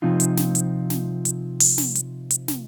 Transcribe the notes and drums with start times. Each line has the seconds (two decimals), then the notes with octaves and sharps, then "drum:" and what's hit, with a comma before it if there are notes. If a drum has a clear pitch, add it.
0.02 C3 F3 C4 D#4 F4
0.20 drum: hi-hat
0.37 drum: snare
0.55 drum: hi-hat
0.90 drum: snare
1.25 drum: hi-hat
1.60 drum: open hi-hat
1.78 drum: snare
1.95 drum: hi-hat
2.31 drum: hi-hat
2.48 drum: snare